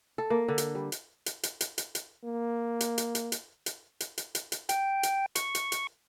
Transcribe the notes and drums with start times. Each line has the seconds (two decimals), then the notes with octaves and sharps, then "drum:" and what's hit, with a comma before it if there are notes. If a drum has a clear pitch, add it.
0.18 A4
0.30 A#3
0.48 D3
0.58 drum: hi-hat
0.75 G3
0.92 drum: hi-hat
1.26 drum: hi-hat
1.43 drum: hi-hat
1.61 drum: hi-hat
1.78 drum: hi-hat
1.95 drum: hi-hat
2.24 A#3
2.80 drum: hi-hat
2.98 drum: hi-hat
3.15 drum: hi-hat
3.32 drum: hi-hat
3.66 drum: hi-hat
4.00 drum: hi-hat
4.18 drum: hi-hat
4.35 drum: hi-hat
4.52 drum: hi-hat
4.69 G5, drum: hi-hat
5.03 drum: hi-hat
5.35 C#6, drum: hi-hat
5.55 drum: hi-hat
5.72 drum: hi-hat